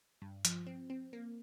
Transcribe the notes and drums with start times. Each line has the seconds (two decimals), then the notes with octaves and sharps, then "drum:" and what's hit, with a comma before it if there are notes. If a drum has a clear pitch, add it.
0.22 G2
0.45 F3, drum: hi-hat
0.66 C4
0.90 C4
1.13 A#3